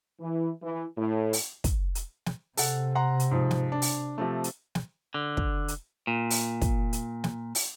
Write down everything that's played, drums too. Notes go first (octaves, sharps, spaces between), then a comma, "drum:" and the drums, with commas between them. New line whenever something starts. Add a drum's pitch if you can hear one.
E3
E3
A2
drum: open hi-hat
drum: kick, hi-hat
drum: hi-hat
drum: snare
C3 A4 F#5, drum: open hi-hat
F#5 A#5 C6
drum: hi-hat
G#2 F3
drum: snare
D4
drum: open hi-hat
C3 F3 A3
drum: hi-hat
drum: snare
D3
drum: kick
drum: hi-hat
A#2
drum: open hi-hat
drum: kick, hi-hat
drum: hi-hat
drum: snare
drum: open hi-hat